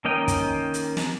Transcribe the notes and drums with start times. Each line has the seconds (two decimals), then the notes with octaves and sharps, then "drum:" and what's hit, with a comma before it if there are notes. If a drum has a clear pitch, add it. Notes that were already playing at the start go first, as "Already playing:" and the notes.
0.05 D#3 A#3 C#4 D#5 G5
0.28 drum: kick, hi-hat
0.74 drum: hi-hat
0.97 drum: snare